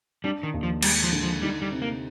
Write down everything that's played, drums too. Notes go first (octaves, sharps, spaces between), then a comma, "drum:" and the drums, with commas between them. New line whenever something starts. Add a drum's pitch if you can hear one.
G3 D4
D#3
D#2
F3
G3 G#3, drum: cymbal
F3
D3
F3
G3 D#4
G3
C3
A#3